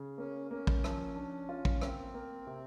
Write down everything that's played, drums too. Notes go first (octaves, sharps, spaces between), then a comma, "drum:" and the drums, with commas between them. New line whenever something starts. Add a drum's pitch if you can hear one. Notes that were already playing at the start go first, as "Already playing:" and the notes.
Already playing: C#3
A#3 C#4
A#3 C#4
drum: kick
F3, drum: rim click
D4
F4
drum: kick
A#3 C4, drum: rim click
A#3
C3